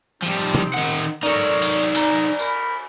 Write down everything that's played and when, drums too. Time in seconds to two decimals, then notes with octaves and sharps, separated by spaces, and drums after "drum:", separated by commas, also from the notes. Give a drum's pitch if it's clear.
0.22 F3 G3 C4 D#4
0.55 drum: tom C3
0.74 D#3 F#5
1.23 D#4 A4 A#4 C#5 D5 C#6
1.62 drum: cymbal
1.95 A#5, drum: cymbal
2.39 A#4 B5, drum: tambourine